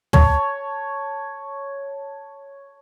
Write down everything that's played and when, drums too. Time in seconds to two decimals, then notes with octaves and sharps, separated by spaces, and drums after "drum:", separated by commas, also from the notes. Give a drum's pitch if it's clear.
0.13 C#5 A5, drum: tom